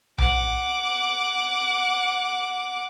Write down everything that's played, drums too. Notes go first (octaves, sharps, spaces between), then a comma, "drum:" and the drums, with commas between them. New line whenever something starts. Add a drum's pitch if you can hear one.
F#5 D6, drum: tom B1